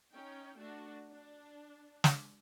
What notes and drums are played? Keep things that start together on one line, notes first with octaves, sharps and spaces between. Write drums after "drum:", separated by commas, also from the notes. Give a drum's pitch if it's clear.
C#4 D#4 G5
A3 D4 F#4
D4
drum: snare